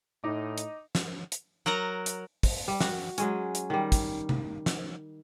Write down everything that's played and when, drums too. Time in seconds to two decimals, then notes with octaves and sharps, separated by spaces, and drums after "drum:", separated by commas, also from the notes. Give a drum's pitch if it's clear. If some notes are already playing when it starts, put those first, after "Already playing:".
0.24 A2 D#4 D#5 D6
0.58 drum: hi-hat
0.95 drum: snare
1.32 drum: hi-hat
1.66 F#3 A#4 F#5 A#5
2.06 drum: hi-hat
2.43 drum: kick, open hi-hat
2.68 G3
2.80 F#4, drum: snare
3.18 F#3 G#3 C#4, drum: hi-hat
3.55 drum: hi-hat
3.70 D#3 G3
3.92 drum: kick, hi-hat
4.29 drum: tom C3
4.66 drum: snare